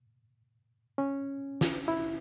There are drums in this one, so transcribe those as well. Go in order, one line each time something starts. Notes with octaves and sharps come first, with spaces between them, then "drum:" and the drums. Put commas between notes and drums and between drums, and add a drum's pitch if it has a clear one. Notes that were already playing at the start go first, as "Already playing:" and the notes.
C#4
drum: snare
E4